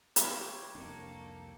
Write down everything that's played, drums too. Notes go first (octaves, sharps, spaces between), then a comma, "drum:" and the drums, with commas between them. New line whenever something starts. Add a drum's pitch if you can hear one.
G4 C#5 D6, drum: hi-hat
C2 F2 A#3 D4 A4
D#4 G4 A5